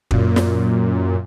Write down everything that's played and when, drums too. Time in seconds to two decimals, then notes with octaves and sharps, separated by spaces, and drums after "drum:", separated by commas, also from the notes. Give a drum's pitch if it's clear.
0.11 F#2 A#2, drum: kick
0.36 drum: snare